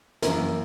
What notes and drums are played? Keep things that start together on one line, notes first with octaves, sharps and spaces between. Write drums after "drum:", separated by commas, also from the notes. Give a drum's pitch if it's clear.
F#2 E3 A#3 A#4, drum: snare